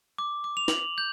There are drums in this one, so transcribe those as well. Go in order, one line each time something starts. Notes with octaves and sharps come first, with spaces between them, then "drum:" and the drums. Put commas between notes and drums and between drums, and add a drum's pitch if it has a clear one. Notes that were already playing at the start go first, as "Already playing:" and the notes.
D6
D6
F7
F#7, drum: snare
G6